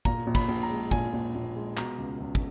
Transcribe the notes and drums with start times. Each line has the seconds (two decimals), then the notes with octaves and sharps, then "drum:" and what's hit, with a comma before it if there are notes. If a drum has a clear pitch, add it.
0.05 A#2 A#5, drum: kick
0.27 A#1
0.35 B5, drum: kick, cymbal
0.49 A#1
0.63 A#5
0.70 G#3
0.91 A#2 G#5, drum: kick
1.13 A#1
1.35 A#1
1.56 G#3
1.77 B2 A#5, drum: clap
1.99 C#2
2.20 C#2
2.35 drum: kick